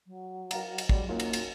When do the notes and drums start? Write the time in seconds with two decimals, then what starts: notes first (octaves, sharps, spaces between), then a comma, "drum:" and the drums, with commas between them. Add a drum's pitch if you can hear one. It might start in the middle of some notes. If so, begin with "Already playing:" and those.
0.07 F#3
0.51 A#4 F5 A#5, drum: cymbal
0.78 drum: cymbal
0.89 F#2 G3 G#3, drum: kick
1.09 F#2 A#3 D#4 F4
1.20 drum: cymbal
1.33 drum: cymbal